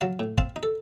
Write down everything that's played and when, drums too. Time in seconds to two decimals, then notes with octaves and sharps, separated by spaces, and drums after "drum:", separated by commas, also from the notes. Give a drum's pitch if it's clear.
0.01 F#3 F5 A5
0.19 A2
0.38 C4 F5 A5, drum: kick
0.56 D#4
0.63 A4